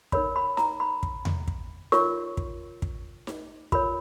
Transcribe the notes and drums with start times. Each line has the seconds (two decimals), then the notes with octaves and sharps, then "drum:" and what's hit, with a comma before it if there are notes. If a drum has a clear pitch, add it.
0.12 D#4 A#4 C#5 B5, drum: kick
0.36 B5
0.57 A#5, drum: snare D#4
0.80 B5
1.03 drum: kick
1.25 drum: tom E2
1.48 drum: kick
1.92 F4 A#4 C#5 C#6, drum: snare D#4
2.37 drum: kick
2.82 drum: kick
3.27 drum: snare D#4
3.72 F4 A#4 C#5 B5, drum: kick